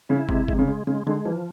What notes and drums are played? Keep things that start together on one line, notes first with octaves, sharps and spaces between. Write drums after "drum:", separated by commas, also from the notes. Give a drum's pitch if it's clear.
C#3 E4
C3 G#3, drum: kick
C3 G#3, drum: kick
C#3
G#3
C#3 G#3
D3 G#3
E3 F3